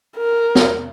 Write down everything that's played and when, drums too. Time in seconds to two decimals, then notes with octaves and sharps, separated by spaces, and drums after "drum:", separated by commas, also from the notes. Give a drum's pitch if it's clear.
0.17 A#4
0.55 drum: snare